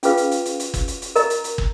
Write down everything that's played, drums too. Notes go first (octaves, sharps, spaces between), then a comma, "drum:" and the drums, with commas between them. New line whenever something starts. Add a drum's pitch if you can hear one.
C#4 F4 G#4 B4 F5, drum: hi-hat
drum: hi-hat
drum: hi-hat
drum: hi-hat
drum: hi-hat
drum: kick, hi-hat
drum: hi-hat
drum: hi-hat
A#4 D#5 A#5, drum: hi-hat
drum: hi-hat
drum: hi-hat
drum: kick